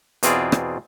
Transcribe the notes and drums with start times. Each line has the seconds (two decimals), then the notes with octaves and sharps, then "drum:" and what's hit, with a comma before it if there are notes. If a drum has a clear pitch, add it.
0.23 E2 B2 C4 F4 G#4 D5, drum: hi-hat
0.52 drum: rim click